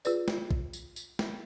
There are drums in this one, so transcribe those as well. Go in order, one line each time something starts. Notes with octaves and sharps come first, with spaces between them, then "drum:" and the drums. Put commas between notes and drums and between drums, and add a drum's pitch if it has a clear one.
F4 G#4 B4 D5, drum: tambourine
drum: snare
drum: kick
drum: tambourine
drum: tambourine
drum: snare